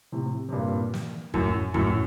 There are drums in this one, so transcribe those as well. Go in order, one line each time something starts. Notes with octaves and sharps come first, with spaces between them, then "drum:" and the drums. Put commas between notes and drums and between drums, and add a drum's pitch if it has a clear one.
A2 C3
C3
G2 A#2
drum: snare
F#2 A2, drum: kick
F#2 A2, drum: kick